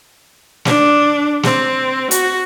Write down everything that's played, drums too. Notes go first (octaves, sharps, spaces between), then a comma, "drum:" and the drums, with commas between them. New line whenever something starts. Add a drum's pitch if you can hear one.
D4, drum: snare
C4, drum: snare
F#4, drum: hi-hat